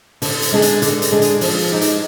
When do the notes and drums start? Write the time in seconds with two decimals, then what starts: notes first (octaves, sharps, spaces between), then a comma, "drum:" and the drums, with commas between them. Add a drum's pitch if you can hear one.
0.22 D3, drum: open hi-hat
0.42 drum: hi-hat
0.52 G#3 D4 G#4
0.62 drum: hi-hat
0.82 D3, drum: hi-hat
1.02 drum: hi-hat
1.11 G#3 D4 G#4
1.22 drum: hi-hat
1.41 F3, drum: open hi-hat
1.71 G#3 D#4 G4
1.81 drum: hi-hat